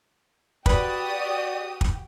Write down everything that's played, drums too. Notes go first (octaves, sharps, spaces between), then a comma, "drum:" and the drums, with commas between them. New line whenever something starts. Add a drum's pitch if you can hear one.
F#4 G4 B4 D5 G5 D#6, drum: kick
drum: kick